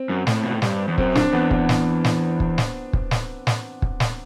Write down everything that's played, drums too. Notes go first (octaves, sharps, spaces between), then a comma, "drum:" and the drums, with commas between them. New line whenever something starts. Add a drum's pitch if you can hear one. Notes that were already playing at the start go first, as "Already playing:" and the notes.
Already playing: C4
F#2
A2, drum: snare
B2
A2
G2, drum: snare
E2
F#2 C4, drum: kick
D4, drum: snare
E2 B3
B3, drum: kick
drum: snare
drum: snare
drum: kick
drum: snare
drum: kick
drum: snare
drum: snare
drum: kick
drum: snare